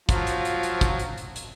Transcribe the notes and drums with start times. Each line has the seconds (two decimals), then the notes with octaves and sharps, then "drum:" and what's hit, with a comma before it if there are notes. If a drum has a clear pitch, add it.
0.09 F3 F#3 F4, drum: kick, hi-hat
0.27 drum: hi-hat
0.45 drum: hi-hat
0.63 drum: hi-hat
0.81 drum: kick, hi-hat
0.99 drum: hi-hat
1.18 drum: hi-hat
1.36 drum: hi-hat